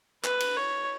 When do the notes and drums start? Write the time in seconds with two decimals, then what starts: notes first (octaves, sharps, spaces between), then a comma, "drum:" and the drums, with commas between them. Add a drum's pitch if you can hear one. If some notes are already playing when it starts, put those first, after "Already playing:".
0.24 B4, drum: clap
0.40 drum: cymbal
0.57 C#5